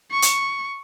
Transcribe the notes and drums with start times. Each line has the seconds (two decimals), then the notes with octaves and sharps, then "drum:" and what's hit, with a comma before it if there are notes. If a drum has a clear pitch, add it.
0.11 C#6
0.22 drum: hi-hat